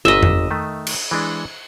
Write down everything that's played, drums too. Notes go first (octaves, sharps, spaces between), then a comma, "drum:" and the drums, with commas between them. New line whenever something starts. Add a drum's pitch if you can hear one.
G1 A#2 D#5 E5
drum: tom F2
D#3 A3
drum: cymbal
E3 G#3 D4